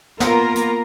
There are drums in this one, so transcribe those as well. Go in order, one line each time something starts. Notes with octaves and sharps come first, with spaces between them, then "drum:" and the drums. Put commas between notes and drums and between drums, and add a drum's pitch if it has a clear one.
A#3 B3 F4 A#4, drum: snare
drum: hi-hat